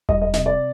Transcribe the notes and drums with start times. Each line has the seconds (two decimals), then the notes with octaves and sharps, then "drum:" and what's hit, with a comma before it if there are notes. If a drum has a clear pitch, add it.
0.09 G3 D#5, drum: kick E1
0.22 D#5
0.33 C3 D#5, drum: snare
0.46 D5